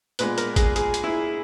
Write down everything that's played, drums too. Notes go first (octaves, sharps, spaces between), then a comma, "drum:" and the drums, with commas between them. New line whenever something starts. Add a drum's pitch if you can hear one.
A#2 G#3 B3 B4, drum: hi-hat
A#4, drum: hi-hat
G#4, drum: kick, hi-hat
G#4, drum: hi-hat
drum: hi-hat
E4